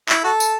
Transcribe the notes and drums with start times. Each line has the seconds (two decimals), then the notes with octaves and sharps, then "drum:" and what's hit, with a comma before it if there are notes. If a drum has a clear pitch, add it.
0.09 E4, drum: clap
0.24 F#4 A4
0.40 drum: tambourine